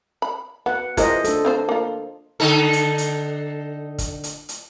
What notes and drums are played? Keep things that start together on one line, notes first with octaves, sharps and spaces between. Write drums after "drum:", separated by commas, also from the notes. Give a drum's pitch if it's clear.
B5
B3 F#5
E3 G#3 F4 A#4 C5 D#5, drum: kick, hi-hat
D4 A4, drum: hi-hat
C4 F4 C5
A#3 F4
D3 D#4 A4
drum: hi-hat
drum: hi-hat
drum: kick, hi-hat
drum: hi-hat
drum: hi-hat